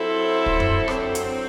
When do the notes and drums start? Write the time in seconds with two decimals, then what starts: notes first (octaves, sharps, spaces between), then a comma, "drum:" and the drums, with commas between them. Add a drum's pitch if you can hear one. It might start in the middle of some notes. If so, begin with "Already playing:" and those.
Already playing: F#3 C4 E4 A4 C5
0.46 drum: kick
0.60 drum: tom F#2
0.88 D3 F#3 C4, drum: rim click
1.15 drum: hi-hat